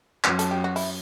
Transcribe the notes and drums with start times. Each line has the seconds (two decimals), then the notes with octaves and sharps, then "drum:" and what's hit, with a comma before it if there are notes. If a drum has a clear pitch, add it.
0.24 F#2 C4, drum: clap
0.39 A4, drum: hi-hat
0.51 G4
0.64 F#4
0.76 E4, drum: open hi-hat